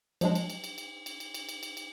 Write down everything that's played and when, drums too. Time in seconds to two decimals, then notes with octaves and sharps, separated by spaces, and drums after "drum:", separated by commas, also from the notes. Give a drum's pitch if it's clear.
0.21 F3 F#3 G#3 D4, drum: cymbal
0.35 drum: cymbal
0.50 drum: cymbal
0.64 drum: cymbal
0.78 drum: cymbal
1.06 drum: cymbal
1.20 drum: cymbal
1.34 drum: cymbal
1.49 drum: cymbal
1.63 drum: cymbal
1.77 drum: cymbal